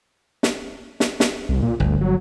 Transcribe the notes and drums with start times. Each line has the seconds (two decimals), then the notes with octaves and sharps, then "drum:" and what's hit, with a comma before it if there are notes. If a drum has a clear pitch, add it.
0.43 drum: snare
1.00 drum: snare
1.20 drum: snare
1.49 C2
1.62 A#2
1.80 G1 D2
2.01 F#3